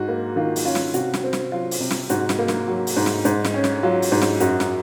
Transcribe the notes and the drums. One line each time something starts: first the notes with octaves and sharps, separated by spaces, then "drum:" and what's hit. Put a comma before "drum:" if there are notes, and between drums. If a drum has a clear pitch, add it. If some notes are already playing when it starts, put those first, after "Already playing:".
Already playing: G#2 F#4
A#3
D#3 F4
drum: open hi-hat
C#4 F4
drum: snare
C3 F#4, drum: hi-hat
drum: snare
C4
drum: snare
F#3 F4
drum: open hi-hat
C3
drum: snare
G#2 F#4, drum: hi-hat
drum: snare
A#3
drum: snare
F#3
drum: open hi-hat
G#2
drum: snare
G#2, drum: hi-hat
drum: snare
C#4
drum: snare
F#3 F4
drum: open hi-hat
G#2
drum: snare
F#2 F#4, drum: hi-hat
drum: snare